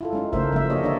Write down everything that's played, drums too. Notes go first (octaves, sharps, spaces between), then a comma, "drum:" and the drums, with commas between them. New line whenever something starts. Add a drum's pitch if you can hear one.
E4 F4 A4
G#3 C#4 D#4
C#3 A3 A#4 C5 E5, drum: kick F#1
C#3 F3 G#3 A#3 E5
A#3 D4 G4 C#5 D#5
D3 D4 C#5 D5 E5